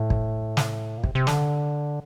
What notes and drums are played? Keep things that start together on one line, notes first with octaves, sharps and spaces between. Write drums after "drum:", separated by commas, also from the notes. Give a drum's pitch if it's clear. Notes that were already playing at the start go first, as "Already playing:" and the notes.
Already playing: A2
drum: kick
drum: snare
A#2
C3, drum: kick
C3
D3, drum: snare